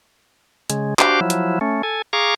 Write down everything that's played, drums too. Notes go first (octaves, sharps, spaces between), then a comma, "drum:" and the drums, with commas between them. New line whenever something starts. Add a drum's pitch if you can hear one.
C#3 G#3, drum: hi-hat
D4 F#4 G4 C5 F5 D6, drum: clap
F3 F#3 E4
drum: hi-hat
A3 C#4
A4 G#5
G#4 F5 A#5 C#6 D6